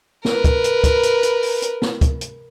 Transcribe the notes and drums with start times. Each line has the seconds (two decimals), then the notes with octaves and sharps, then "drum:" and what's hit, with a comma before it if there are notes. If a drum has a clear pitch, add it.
0.25 A#4 B4, drum: snare
0.44 drum: kick, hi-hat
0.64 drum: hi-hat
0.84 drum: kick, hi-hat
1.03 drum: hi-hat
1.23 drum: hi-hat
1.43 drum: open hi-hat
1.62 drum: hi-hat
1.82 drum: snare
2.01 drum: kick, hi-hat
2.21 drum: hi-hat